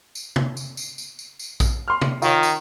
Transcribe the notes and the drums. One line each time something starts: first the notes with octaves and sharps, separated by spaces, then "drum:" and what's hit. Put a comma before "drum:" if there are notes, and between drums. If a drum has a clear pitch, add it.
drum: tambourine
drum: tom
drum: tambourine
drum: tambourine
drum: tambourine
drum: tambourine
drum: tambourine
drum: kick, tambourine
C6 F6
drum: tom
D#3 F4 C#5, drum: tambourine
drum: tambourine